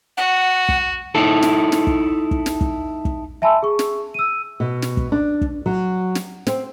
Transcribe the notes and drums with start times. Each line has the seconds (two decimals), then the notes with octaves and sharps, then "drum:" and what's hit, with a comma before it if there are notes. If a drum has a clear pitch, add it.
0.17 F#4 F#5
0.69 drum: kick
1.15 D#4 E4 A4
1.42 drum: snare
1.72 drum: snare
1.87 drum: kick
2.31 drum: kick
2.46 drum: snare
2.61 drum: kick
3.05 drum: kick
3.42 E5 G#5 A5 B5 C6 E6
3.63 G#4 C#6
3.79 drum: snare
4.14 E6 D#7
4.60 B2
4.82 drum: snare
4.97 drum: kick
5.12 D4
5.41 drum: kick
5.66 F#3
6.15 drum: snare
6.47 C4, drum: snare